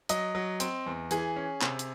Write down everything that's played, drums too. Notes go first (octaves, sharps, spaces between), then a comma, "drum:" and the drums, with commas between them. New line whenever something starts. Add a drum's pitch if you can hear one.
F#3 D#5, drum: hi-hat
F#3
C4, drum: hi-hat
E2
E3 G#4, drum: hi-hat
C#4
C3, drum: clap
drum: hi-hat